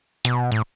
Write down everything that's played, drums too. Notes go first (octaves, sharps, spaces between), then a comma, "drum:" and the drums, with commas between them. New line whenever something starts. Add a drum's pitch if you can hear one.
B2, drum: hi-hat
A2